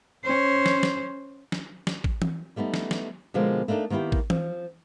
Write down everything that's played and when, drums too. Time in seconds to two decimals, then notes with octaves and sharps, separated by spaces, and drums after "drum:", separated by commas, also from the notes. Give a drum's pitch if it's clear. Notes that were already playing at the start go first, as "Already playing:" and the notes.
0.25 C#4 C5
0.66 drum: snare
0.83 drum: snare
1.52 drum: snare
1.87 drum: snare
2.04 drum: kick
2.22 drum: tom E3
2.56 G3 A3 B3 D4 D#4
2.74 drum: snare
2.91 drum: snare
3.34 B2 D3 F3 G#3 A#3
3.68 A3 A#3 D4 D#4 A4
3.90 D#3 A#3 B3 E4 G4
4.12 drum: kick
4.30 F3, drum: tom E3